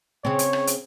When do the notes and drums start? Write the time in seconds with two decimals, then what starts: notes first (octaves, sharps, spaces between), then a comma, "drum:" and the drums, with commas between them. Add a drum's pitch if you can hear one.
0.25 C#3 C4 C#5
0.39 drum: hi-hat
0.53 drum: rim click
0.67 drum: hi-hat